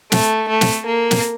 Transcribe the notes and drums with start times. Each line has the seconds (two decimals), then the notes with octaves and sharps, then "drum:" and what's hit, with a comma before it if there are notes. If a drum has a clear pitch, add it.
0.12 A3, drum: snare
0.49 A3
0.61 drum: snare
0.86 A#3
1.11 drum: snare